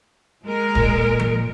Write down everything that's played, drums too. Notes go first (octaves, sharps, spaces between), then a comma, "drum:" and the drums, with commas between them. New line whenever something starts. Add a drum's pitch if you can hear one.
G#3 A#4
A#2, drum: kick
drum: tom F3